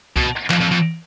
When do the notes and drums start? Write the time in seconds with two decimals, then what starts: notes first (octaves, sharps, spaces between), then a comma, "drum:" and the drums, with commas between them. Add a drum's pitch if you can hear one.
0.16 B2, drum: kick C2
0.50 F2, drum: clap
0.61 F2
0.71 F2